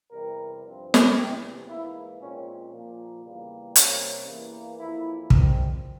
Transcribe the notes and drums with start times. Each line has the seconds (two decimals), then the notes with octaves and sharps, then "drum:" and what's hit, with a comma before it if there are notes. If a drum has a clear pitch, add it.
0.11 E2 C3 G3 C4 A#4
0.64 G2 F3 C4
0.94 drum: snare
1.15 E2 C3 E3 G4
1.67 G#2 E3 A#3 E4
2.19 A#2 G#3 C4 C#4
2.71 A#2 F3 A#3
3.23 E2 C#3 G3 A#3
3.76 C3 G3 A#3 C#4, drum: hi-hat
4.27 E2 E3 A#3
4.78 F2 E3 A#3 E4
5.30 A#2 G#3 C4, drum: kick